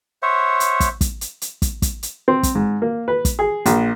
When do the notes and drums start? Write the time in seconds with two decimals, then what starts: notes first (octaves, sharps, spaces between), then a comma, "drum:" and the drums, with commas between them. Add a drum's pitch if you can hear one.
0.22 C5 C#5 E5 F#5
0.60 drum: hi-hat
0.80 drum: kick, hi-hat
1.01 drum: kick, hi-hat
1.21 drum: hi-hat
1.42 drum: hi-hat
1.62 drum: kick, hi-hat
1.82 drum: kick, hi-hat
2.03 drum: hi-hat
2.28 C4
2.43 drum: kick, hi-hat
2.55 G#2
2.82 A#3
3.08 B4
3.25 drum: kick, hi-hat
3.39 G#4
3.66 A#1, drum: hi-hat